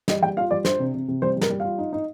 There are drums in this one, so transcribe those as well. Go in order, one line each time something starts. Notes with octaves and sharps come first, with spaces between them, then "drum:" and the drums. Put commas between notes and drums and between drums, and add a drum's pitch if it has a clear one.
G3 D#5, drum: snare
G3 G5
F4 F5
G3 D5
D4 C5, drum: snare
C3
C3
C3
G3 C5
G3
A#4, drum: snare
G3
F4 F5
D#4
D#4